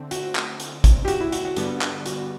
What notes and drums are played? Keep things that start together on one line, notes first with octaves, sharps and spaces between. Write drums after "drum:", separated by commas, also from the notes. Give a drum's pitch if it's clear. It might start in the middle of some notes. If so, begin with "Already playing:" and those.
Already playing: D3 A3 C4
F#4, drum: hi-hat
drum: clap
drum: hi-hat
drum: kick, hi-hat
G4
F#4, drum: hi-hat
E4
F#4, drum: hi-hat
F#4
G2 D3 G3 B3, drum: hi-hat
drum: clap
F#4, drum: hi-hat